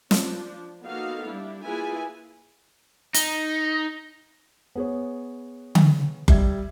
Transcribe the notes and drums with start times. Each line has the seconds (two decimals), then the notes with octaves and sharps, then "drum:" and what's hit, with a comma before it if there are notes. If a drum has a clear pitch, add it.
0.11 F3 D4, drum: snare
0.83 A#3 B3 D#4 F#4 A4 F5
1.25 G3 D4 E4
1.64 A#3 E4 F4 G#4 B4 G#5
3.14 D#4, drum: hi-hat
4.76 B3 G#4 C#5
5.75 drum: tom D3
6.28 G3 E5 G#6, drum: kick F#1